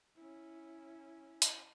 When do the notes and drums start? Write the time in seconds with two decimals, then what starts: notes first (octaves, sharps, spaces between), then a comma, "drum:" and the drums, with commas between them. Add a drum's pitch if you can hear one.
0.16 C#4 E4
1.42 drum: hi-hat